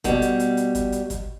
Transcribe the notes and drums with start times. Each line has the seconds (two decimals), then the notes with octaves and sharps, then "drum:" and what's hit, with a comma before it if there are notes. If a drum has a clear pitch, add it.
0.04 B2 G3, drum: kick G1, hi-hat
0.22 drum: hi-hat
0.39 drum: hi-hat
0.57 drum: hi-hat
0.75 drum: kick G1, hi-hat
0.92 drum: hi-hat
1.10 drum: kick G1, hi-hat